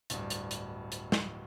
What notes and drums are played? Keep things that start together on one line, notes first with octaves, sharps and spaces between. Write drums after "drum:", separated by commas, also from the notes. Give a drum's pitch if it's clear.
D1 G2, drum: hi-hat
drum: hi-hat
drum: hi-hat
drum: hi-hat
drum: snare